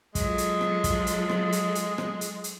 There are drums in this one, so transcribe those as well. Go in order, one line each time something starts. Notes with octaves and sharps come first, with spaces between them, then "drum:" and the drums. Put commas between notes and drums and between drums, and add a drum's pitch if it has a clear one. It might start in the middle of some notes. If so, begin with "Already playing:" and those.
F#3 G#3 F4 A4, drum: kick, hi-hat
drum: hi-hat
drum: rim click
drum: kick, hi-hat
drum: hi-hat
drum: rim click
drum: hi-hat
drum: hi-hat
drum: rim click
drum: hi-hat
drum: hi-hat